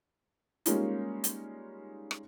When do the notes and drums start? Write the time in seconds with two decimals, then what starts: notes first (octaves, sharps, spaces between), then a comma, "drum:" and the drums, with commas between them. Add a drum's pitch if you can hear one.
0.66 G3 G#3 A#3 C#4 D#4 F4, drum: hi-hat
1.24 drum: hi-hat
2.11 drum: rim click